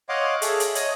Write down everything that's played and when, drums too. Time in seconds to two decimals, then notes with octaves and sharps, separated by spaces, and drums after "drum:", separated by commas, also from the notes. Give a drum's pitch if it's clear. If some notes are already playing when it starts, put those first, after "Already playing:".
0.09 C#5 D#5 F5 F#5 C6 D6
0.42 G#4 A4 E5, drum: hi-hat
0.60 drum: hi-hat
0.75 C#5 D#5 D#6, drum: hi-hat